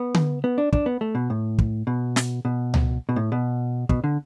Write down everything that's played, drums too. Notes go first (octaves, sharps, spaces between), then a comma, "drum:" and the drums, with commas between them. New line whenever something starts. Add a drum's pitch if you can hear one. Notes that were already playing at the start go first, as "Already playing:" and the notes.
Already playing: B3
drum: tom D3
B3
D4
D4, drum: kick
B3
A3
B2
A2
drum: kick
B2
drum: snare
B2
drum: tom C#2
B2
A2
B2
B2, drum: kick
D3